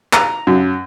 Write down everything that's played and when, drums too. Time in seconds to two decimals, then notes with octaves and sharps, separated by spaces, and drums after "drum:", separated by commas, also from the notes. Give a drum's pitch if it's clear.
0.13 A#5, drum: clap
0.47 F#2